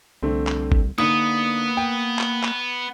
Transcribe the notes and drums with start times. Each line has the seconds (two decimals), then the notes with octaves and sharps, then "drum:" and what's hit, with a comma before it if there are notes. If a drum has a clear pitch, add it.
0.23 C2 D3 A3 C4
0.47 drum: clap
0.72 drum: kick G#1
0.98 D3 A#3 B3 D4 D#4 D#6
1.77 G5
2.19 drum: clap
2.43 drum: clap